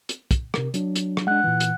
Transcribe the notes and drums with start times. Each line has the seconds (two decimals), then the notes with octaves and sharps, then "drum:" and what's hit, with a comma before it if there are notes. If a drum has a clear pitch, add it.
0.09 drum: hi-hat
0.31 drum: kick, hi-hat
0.54 C3 A#4, drum: rim click
0.74 F#3 D4, drum: hi-hat
0.96 drum: hi-hat
1.17 drum: rim click
1.27 G#3 D4 F#5 F#6
1.44 A#2 E3
1.60 drum: hi-hat